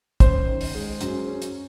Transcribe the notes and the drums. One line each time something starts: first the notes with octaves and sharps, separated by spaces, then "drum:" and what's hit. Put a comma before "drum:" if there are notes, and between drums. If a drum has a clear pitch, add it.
C#4 C5, drum: kick, hi-hat
D#3
drum: open hi-hat
G#3
F#2, drum: hi-hat
C#4
drum: hi-hat